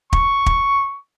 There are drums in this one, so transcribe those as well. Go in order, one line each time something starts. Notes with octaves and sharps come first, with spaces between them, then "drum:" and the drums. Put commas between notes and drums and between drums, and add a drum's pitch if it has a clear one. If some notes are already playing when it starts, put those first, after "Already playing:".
C#6, drum: kick
drum: kick